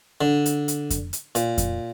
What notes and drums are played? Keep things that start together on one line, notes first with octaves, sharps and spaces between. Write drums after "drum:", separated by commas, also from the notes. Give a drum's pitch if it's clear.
D3
drum: hi-hat
drum: hi-hat
drum: kick F2, hi-hat
drum: hi-hat
A#2, drum: hi-hat
drum: kick F2, hi-hat